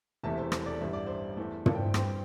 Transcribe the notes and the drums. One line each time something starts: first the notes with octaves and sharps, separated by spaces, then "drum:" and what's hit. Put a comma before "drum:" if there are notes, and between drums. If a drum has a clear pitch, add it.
E1 E2 C3 A3 E5 A5
C5 E5
C5, drum: rim click
A4 D5
A1 G2 G3 E5
D5
C5 E5
E2 E3 A3
A4 D5, drum: tom
G5
C5 E5
G2 G3 C4 G5 C6, drum: rim click